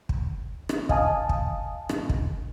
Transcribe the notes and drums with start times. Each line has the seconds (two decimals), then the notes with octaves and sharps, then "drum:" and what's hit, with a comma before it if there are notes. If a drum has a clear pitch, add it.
0.09 drum: kick
0.69 drum: rim click
0.89 D#5 F5 G#5 A5 D#6, drum: kick
1.29 drum: kick
1.89 drum: rim click
2.09 drum: kick